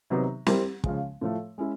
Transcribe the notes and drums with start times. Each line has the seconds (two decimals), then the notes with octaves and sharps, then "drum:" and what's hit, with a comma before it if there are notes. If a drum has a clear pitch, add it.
0.10 C3 D#3 F#3 B3 D#4
0.46 G3 C4 E4 G4 A#4, drum: snare
0.84 C#3 F3 G#3, drum: kick
1.21 A2 F3 A3
1.58 G#3 C#4 E4